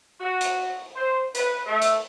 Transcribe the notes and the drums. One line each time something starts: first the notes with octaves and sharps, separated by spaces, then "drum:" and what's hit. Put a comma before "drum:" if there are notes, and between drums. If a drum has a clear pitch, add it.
F#4
drum: hi-hat
C5
B4, drum: hi-hat
A3
drum: hi-hat